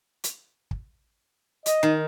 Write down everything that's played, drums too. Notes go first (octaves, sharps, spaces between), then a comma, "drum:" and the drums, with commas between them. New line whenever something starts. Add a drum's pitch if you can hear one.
drum: hi-hat
drum: kick
D#5, drum: hi-hat
D#3